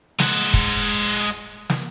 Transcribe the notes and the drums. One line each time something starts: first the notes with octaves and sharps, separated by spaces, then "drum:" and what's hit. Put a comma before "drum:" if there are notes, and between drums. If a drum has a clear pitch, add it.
G#3 F#5, drum: snare
drum: kick
drum: hi-hat
drum: snare